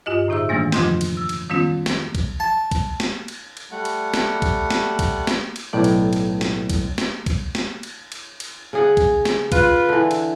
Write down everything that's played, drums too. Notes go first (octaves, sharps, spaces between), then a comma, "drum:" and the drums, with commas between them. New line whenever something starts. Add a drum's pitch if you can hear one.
G2 F4 G4 D#5
A2 D3 D#4 G#4 E5 E6
D#3 E3 G3 A3 A#3 D4
F2 C#3 F3 F4 C6 G6, drum: snare
drum: cymbal
E6
drum: cymbal
D#3 G3 B3 C#4 F4
drum: snare
drum: kick, cymbal
A5
drum: kick, cymbal
drum: snare
drum: cymbal
drum: cymbal
G3 A3 F#5
drum: cymbal
drum: snare
drum: kick, cymbal
drum: snare
drum: kick, cymbal
drum: snare
drum: cymbal
B1 A2 D5
drum: cymbal
drum: cymbal
drum: snare
drum: kick, cymbal
drum: snare
drum: kick, cymbal
drum: snare
drum: cymbal
drum: cymbal
drum: cymbal
C#3 G#4 F#5
drum: kick, cymbal
drum: snare
F4 B4, drum: kick, cymbal
D3 E3
drum: cymbal